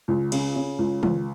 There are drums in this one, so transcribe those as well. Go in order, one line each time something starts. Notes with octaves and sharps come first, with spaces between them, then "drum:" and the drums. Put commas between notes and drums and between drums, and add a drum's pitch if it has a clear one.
C#2
C#3, drum: cymbal
C#3
C#2
C#2, drum: tom